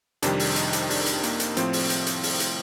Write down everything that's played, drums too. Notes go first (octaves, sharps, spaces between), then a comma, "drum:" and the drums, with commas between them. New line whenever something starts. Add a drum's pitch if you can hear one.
F2 C3 D#3 G3 D4, drum: hi-hat
drum: open hi-hat
D#4, drum: hi-hat
drum: hi-hat
D4, drum: open hi-hat
drum: hi-hat
A#3, drum: hi-hat
drum: hi-hat
A2 F3 C4, drum: hi-hat
drum: open hi-hat
drum: hi-hat
drum: hi-hat
drum: open hi-hat
drum: hi-hat